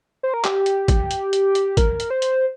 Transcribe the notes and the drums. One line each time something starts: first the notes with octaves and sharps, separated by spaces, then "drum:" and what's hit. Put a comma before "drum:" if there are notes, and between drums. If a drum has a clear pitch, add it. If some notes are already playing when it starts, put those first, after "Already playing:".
C5
A#4
G4, drum: clap
drum: hi-hat
drum: kick, hi-hat
drum: hi-hat
drum: hi-hat
drum: hi-hat
A#4, drum: kick, hi-hat
drum: hi-hat
C5
drum: hi-hat